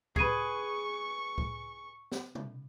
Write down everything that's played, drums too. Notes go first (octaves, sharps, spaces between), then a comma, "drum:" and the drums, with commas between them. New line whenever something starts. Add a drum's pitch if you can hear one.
G#4 B4 C#6 C7 D#7, drum: kick C#2
drum: kick C#2
drum: snare
drum: tom B2